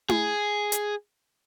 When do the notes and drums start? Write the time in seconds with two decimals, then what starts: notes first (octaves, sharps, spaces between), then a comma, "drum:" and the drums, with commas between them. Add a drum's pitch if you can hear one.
0.09 G#4, drum: tom E4
0.72 drum: hi-hat